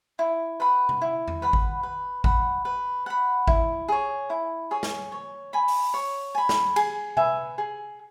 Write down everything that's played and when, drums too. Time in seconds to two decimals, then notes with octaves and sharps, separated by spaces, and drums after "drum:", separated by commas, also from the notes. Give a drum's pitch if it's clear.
0.19 E4
0.60 B4 F#5 B5
0.89 drum: tom C3
1.02 E4
1.28 drum: tom E2
1.42 B4 F#5 B5
1.53 drum: kick G#1
1.83 B4
2.24 F#5 B5, drum: kick G#1
2.65 B4
3.06 F#5 B5
3.48 E4, drum: kick G#1
3.88 G#4 C#5
4.30 E4
4.71 G#4 C#5
4.83 drum: snare
5.12 C#5
5.53 G#5 B5
5.68 drum: open hi-hat
5.94 C#5
6.35 G#5 B5
6.49 drum: snare
6.76 G#4, drum: cymbal
7.17 B4 E5 G#5, drum: tom C3
7.58 G#4